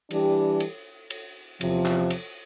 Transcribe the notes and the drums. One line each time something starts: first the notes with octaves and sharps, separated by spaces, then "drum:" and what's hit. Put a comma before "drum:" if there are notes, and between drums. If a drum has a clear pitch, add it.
E3 G3 D4 G4, drum: cymbal
drum: cymbal
drum: cymbal
E2 C3 F3, drum: cymbal
drum: clap
drum: cymbal